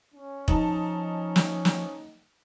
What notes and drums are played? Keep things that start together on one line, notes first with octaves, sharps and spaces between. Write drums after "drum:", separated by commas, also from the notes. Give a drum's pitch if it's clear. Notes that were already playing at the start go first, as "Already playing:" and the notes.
C#4
F3 D#4 A5, drum: kick F1
drum: snare
drum: snare